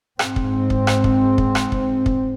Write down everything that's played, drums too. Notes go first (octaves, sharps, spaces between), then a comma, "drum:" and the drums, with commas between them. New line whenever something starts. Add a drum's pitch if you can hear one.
G#2 C4, drum: rim click
drum: kick
drum: kick
drum: rim click
drum: kick
drum: kick
drum: rim click
drum: kick
drum: kick